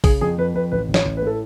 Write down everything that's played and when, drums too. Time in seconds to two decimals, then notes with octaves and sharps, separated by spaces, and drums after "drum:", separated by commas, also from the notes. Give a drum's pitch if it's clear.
0.04 C#3 G#4, drum: kick, open hi-hat
0.21 F2 G#4
0.38 F2 B4
0.54 F2 B4
0.71 A1 B4
0.89 A1
0.94 C#5, drum: snare
1.05 A1
1.17 B4
1.22 A2 A4